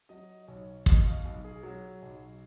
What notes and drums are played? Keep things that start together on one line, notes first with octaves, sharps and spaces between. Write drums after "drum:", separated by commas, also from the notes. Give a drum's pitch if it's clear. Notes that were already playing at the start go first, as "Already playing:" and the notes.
F#3 D#5
D#5
B1 C#5
B2 D#5, drum: kick
F5
B1
G#4
F#3
B1